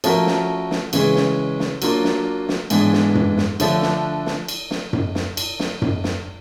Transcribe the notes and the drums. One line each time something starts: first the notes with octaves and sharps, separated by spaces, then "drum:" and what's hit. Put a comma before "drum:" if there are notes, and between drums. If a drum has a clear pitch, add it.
F3 A3 C#4 F#4 A#4, drum: cymbal
drum: snare
drum: snare
C#3 E3 G#3 C#4, drum: cymbal
drum: snare
drum: snare
F#3 A#3 D4 F4, drum: cymbal
drum: snare
drum: snare
G#2 E3 G#3 B3 D4, drum: cymbal
drum: snare
drum: tom F#2
drum: snare
D3 F3 A3 D4, drum: cymbal
drum: snare
drum: snare
drum: cymbal
drum: snare
drum: tom F#2
drum: snare
drum: cymbal
drum: snare
drum: tom F#2
drum: snare